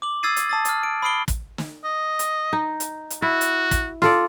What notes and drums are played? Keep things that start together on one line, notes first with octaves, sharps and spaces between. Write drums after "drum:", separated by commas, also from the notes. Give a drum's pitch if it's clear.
D6 F#7
D#6 E6 G#6 A6 C7 D#7
drum: hi-hat
A5 D#6 A6
D#6 F6, drum: hi-hat
D7
B5 D#6 F6 C7 D7 G7
drum: kick, hi-hat
drum: snare
D#5
drum: hi-hat
D#4
drum: hi-hat
drum: hi-hat
E4 F#4
drum: hi-hat
drum: kick, hi-hat
F4 A4 D5, drum: snare